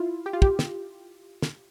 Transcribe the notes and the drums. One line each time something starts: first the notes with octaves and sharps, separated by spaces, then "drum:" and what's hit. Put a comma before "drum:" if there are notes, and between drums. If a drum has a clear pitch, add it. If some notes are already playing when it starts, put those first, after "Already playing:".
Already playing: E4 F4
G4
F4
G4, drum: kick
drum: snare
drum: snare